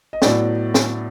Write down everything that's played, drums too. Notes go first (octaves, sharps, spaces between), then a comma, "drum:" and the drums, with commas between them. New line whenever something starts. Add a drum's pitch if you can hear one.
D#5
A2 F#3 B3 D5, drum: snare
drum: snare